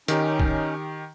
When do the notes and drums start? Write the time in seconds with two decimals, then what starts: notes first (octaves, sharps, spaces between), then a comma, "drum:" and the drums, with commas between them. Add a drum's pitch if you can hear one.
0.08 D#3 C#4 D#4 G4, drum: hi-hat
0.40 drum: kick